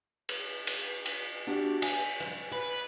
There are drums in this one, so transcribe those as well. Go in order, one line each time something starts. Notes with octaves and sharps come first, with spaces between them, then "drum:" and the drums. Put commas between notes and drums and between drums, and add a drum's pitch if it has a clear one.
drum: cymbal
drum: cymbal
drum: cymbal
D4 F#4 G4
G#5, drum: cymbal
drum: rim click
B4